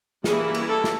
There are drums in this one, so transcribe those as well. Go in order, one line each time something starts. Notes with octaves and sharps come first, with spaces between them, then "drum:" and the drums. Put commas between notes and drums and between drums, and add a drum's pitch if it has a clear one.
E3 G3 A#3 C#4 E4 G#4, drum: snare
drum: cymbal
A4
drum: snare